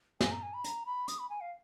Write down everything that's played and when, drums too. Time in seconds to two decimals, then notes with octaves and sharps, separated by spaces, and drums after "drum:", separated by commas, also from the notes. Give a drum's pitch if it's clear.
0.21 G#5, drum: snare
0.32 A#5
0.43 G#5
0.54 B5
0.64 A#5, drum: hi-hat
0.86 B5
1.08 D#6, drum: hi-hat
1.19 B5
1.30 G#5
1.41 F5